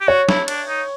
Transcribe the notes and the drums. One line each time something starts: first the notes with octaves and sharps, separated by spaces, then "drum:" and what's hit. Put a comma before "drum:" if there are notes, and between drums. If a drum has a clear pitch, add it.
G4
F#4 C#5
E4, drum: snare
D4, drum: cymbal
D#4